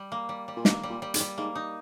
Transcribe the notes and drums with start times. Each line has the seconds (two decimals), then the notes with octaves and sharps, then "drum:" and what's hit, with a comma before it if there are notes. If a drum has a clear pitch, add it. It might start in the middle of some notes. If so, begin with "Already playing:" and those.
Already playing: G3
0.12 A#3
0.29 G3
0.48 G3
0.57 A#2
0.65 B2 A#3, drum: snare
0.83 G3
0.90 A#2
1.02 G3
1.14 G#2, drum: hi-hat
1.20 G3
1.38 G#2 A#3
1.55 D#4